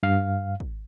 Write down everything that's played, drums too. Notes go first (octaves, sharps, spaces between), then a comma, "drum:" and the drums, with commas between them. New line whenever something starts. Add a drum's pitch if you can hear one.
G2 F5
drum: kick